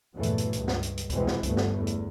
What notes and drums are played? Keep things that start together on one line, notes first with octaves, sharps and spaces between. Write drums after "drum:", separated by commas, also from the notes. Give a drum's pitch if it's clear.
E2 G2 A#2 E3 F#3 A3
drum: hi-hat
drum: hi-hat
C#2 G2, drum: hi-hat
drum: snare
drum: hi-hat
drum: hi-hat
B1 E2 B2 E3 G#3 C4, drum: kick C#2, hi-hat
drum: snare
G1 D2 G2 A3 B3, drum: kick C#2, hi-hat
drum: snare
E2
drum: hi-hat